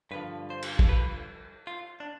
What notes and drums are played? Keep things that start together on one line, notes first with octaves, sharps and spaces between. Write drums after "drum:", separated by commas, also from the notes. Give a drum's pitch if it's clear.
G2 D3 F3 B4
C5
drum: cymbal
drum: kick
B4
F4
D4